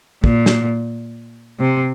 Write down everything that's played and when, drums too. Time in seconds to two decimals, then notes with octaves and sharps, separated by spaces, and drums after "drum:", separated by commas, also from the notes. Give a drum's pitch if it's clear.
0.24 A#2, drum: kick
0.46 drum: snare
1.59 C3